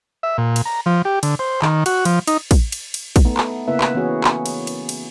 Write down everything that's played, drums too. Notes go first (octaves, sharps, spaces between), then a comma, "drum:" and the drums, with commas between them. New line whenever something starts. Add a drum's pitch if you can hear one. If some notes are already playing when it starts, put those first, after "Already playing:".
E5
A#2
drum: cymbal
A#5
F3
G4
D3, drum: cymbal
C5
D#3, drum: clap
F#4, drum: cymbal
F3, drum: cymbal
D#4, drum: cymbal
drum: kick, cymbal
drum: cymbal
drum: cymbal
drum: kick, cymbal
A3 B3 D#4
drum: clap
C#3 A#3 B3 E4 B4 E5
drum: clap
E3 B3 C#4 F#4 G#4
drum: clap
drum: cymbal
drum: cymbal
drum: cymbal